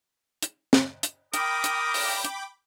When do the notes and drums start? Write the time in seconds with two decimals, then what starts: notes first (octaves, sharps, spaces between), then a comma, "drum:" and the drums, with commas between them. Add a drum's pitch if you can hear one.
0.43 drum: hi-hat
0.73 drum: snare
1.03 drum: hi-hat
1.34 A#4 G5 B5 D6 D#6, drum: hi-hat
1.64 drum: hi-hat
1.94 drum: open hi-hat
2.25 drum: hi-hat